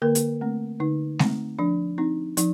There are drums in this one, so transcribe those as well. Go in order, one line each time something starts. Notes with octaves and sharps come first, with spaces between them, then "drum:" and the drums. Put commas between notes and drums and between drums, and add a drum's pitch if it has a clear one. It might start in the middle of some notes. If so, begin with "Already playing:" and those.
D3 A#3 A#4
drum: hi-hat
A3 C4
D3 D#4
A3 C4, drum: snare G#3
F3 D4
C4 D#4
F3 D#4, drum: hi-hat